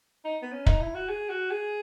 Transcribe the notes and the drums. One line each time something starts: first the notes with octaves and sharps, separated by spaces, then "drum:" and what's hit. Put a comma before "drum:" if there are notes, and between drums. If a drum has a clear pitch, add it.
D#4
B3
C#4
D#4, drum: kick
E4
F#4
G#4
F#4
G#4